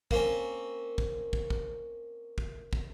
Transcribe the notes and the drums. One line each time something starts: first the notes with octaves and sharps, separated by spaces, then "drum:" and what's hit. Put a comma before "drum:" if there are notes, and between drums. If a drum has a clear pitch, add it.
A#3 C4 C#4, drum: kick
drum: kick
drum: kick
drum: kick
drum: kick
drum: kick